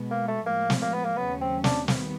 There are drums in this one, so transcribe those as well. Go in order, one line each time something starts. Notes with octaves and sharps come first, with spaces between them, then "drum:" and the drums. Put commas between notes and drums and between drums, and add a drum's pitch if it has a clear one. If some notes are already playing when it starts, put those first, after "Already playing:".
Already playing: B2 G#3 B3
A#3
A3
A2 F3 G#3 A#3
drum: snare
A#3
B3
A#3
D#2 C#3 F#3 A3 B3 C#4
C4
D4, drum: snare
D#3 G3 B3, drum: snare